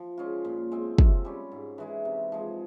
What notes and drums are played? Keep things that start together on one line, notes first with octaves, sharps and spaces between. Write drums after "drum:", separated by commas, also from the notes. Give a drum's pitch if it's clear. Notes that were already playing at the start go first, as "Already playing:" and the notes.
Already playing: F3
G#3 C#4 F4
A#2
G#3 C4
C3, drum: kick
G3 C#4
G#2
E3 G#3 E4
C3
F3 G#3